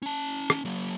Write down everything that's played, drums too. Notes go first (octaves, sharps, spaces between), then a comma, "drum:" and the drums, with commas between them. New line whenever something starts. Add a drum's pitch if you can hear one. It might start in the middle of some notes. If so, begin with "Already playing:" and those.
C#4 A5
drum: rim click
F#3 A#3